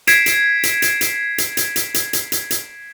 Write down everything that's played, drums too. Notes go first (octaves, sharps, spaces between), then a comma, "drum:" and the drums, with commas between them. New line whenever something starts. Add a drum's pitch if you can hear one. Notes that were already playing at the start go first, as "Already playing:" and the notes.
G#6 B6 C7 D7 E7, drum: hi-hat
drum: hi-hat
drum: hi-hat
drum: hi-hat
drum: hi-hat
drum: hi-hat
drum: hi-hat
drum: hi-hat
drum: hi-hat
drum: hi-hat
drum: hi-hat
drum: hi-hat